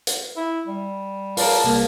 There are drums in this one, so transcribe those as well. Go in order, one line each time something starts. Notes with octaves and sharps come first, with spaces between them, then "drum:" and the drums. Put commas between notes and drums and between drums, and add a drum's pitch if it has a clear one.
drum: hi-hat
E4
G3
F4 G#4 A#4 D5 A5, drum: open hi-hat
C2 A#3